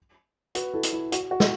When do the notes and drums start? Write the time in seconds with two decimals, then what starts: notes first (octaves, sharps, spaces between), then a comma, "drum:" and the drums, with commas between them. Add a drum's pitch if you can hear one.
0.55 F#4 B4, drum: hi-hat
0.74 E4 A4
0.83 drum: hi-hat
0.93 E4
1.12 F#4, drum: hi-hat
1.31 F#4
1.40 drum: snare